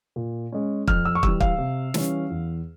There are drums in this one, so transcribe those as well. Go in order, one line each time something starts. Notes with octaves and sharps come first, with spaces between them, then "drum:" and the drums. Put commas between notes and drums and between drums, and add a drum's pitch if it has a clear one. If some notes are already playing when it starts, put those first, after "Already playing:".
A#2
G#3 C#4
F2 F6, drum: kick
E6
C#6
E3 G3 E6, drum: kick
F5, drum: kick
C3
E3 G3 C#4, drum: snare
E2